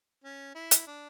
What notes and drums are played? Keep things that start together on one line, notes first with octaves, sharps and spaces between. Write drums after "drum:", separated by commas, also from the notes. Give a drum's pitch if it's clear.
C#4
E4
drum: hi-hat
D4